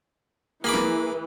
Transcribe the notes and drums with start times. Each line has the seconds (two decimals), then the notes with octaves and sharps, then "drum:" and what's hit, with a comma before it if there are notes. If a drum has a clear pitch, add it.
0.64 E3 A#3 G#4 B5 D6
0.74 drum: snare